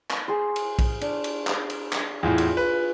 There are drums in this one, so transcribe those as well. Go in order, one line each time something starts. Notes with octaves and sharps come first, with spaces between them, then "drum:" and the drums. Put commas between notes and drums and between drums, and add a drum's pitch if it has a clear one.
drum: clap
G#4 C5
drum: cymbal
drum: kick A#1, cymbal
D4, drum: cymbal
drum: cymbal
drum: clap
drum: cymbal
drum: clap
E2 A2 F4 G#4
drum: cymbal
B4